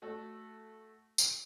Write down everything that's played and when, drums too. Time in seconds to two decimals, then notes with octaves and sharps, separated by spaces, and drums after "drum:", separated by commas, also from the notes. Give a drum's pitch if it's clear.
0.02 A3 F#4 A4
1.18 drum: tambourine